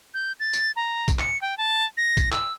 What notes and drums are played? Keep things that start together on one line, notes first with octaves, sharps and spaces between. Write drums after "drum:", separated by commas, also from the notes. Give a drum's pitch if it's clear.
G6
A6
drum: tambourine
A#5
drum: kick, tambourine
C#7, drum: clap
G5
A5
A#6
drum: kick, tambourine
E6, drum: clap